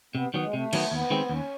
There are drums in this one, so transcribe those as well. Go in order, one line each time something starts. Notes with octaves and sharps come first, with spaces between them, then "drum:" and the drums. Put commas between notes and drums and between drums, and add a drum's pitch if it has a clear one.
C3 B3
D#3 F#3 B3
G#3
C3 A3
D#3 F#3 B3, drum: cymbal
D#2 B3
D#3 G#3 C4
D#2 C#4